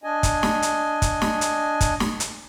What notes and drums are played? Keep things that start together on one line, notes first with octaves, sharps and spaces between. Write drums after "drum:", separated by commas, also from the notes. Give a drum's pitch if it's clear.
D4 D#5 G#5
drum: kick, hi-hat
drum: snare
drum: hi-hat
drum: kick, hi-hat
drum: snare
drum: hi-hat
drum: kick, hi-hat
drum: snare
drum: hi-hat